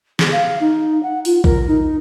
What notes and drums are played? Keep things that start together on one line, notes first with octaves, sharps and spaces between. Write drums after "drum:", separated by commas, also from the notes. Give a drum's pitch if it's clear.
G#4, drum: snare
F5
D#4
F#5
F4, drum: open hi-hat
A#4, drum: kick A#1
D#4